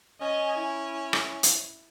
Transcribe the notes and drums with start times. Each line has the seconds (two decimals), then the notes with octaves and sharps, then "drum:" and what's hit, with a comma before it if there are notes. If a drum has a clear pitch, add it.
0.21 C#4 D#5 G#5
0.60 E4
1.13 drum: rim click
1.43 drum: hi-hat